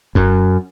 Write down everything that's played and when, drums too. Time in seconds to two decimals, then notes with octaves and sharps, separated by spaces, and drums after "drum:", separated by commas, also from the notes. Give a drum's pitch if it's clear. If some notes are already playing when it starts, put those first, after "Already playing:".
0.15 F#2, drum: kick E1